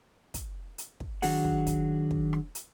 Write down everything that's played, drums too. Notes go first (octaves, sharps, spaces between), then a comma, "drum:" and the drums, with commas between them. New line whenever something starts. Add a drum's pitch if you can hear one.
drum: kick, hi-hat
drum: hi-hat
drum: kick
D#3 F#3 D4 F#4 G#4 F#5, drum: open hi-hat
drum: kick
drum: kick, hi-hat
drum: kick
drum: rim click
drum: hi-hat